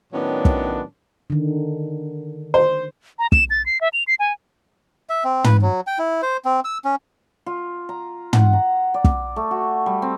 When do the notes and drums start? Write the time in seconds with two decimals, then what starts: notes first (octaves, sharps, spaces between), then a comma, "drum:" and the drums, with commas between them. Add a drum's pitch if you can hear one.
0.13 A2 D#3 F#3 B3 C#4 D4
0.45 drum: kick
1.30 D3 D#3
2.54 C5
3.19 A#5
3.32 E7, drum: kick
3.50 A6
3.66 C7
3.81 E5
3.93 F7
4.07 C7
4.19 G#5
5.09 E5
5.24 C4
5.44 B4, drum: tom
5.62 F#3
5.87 G5
5.99 E4
6.22 C5
6.45 C4
6.64 E6
6.85 C#4
7.46 F4
7.89 A#5
8.33 F#5, drum: tom
8.53 A#5
8.94 D5
9.04 drum: kick
9.36 A3
9.51 F#4
9.86 G3
10.02 C4